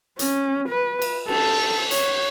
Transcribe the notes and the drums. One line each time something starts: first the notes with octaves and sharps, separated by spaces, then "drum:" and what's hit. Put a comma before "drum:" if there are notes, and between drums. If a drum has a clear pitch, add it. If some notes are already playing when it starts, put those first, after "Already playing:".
C#4, drum: hi-hat
B4
drum: cymbal
A4, drum: cymbal
C#5, drum: hi-hat